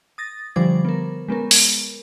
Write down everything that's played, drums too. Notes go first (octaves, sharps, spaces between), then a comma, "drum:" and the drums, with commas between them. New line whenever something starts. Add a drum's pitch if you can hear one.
D#6 A6 A#6
D3 F3 G3 C5 D6 G#6
B3 A#4
G#3 B3 C#4 A#4
drum: open hi-hat